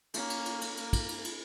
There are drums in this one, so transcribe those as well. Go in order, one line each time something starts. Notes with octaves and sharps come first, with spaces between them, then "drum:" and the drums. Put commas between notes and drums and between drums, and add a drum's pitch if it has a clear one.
A#3 C#4, drum: cymbal
drum: cymbal
drum: cymbal
drum: cymbal
A#3, drum: cymbal
drum: kick, cymbal
drum: cymbal
drum: cymbal